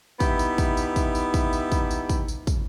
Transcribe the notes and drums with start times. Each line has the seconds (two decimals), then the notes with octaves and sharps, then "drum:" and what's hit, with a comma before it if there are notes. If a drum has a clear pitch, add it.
0.20 B3 D#4 E4 G4 E5, drum: kick, tambourine
0.39 drum: tambourine
0.58 drum: kick, tambourine
0.77 drum: tambourine
0.96 drum: kick, tambourine
1.15 drum: tambourine
1.34 drum: kick, tambourine
1.53 drum: tambourine
1.72 drum: kick, tambourine
1.91 drum: tambourine
2.09 drum: kick, tambourine
2.28 drum: tambourine
2.47 drum: kick, tambourine